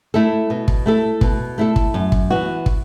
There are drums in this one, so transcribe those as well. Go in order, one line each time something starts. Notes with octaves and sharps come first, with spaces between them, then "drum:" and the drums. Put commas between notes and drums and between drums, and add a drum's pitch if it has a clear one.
A3 E4 A4
B2
drum: kick
A3 E4 A4
B2, drum: kick
A3 E4 A4
drum: kick
F#2
drum: kick
E3 B3 F#4
drum: kick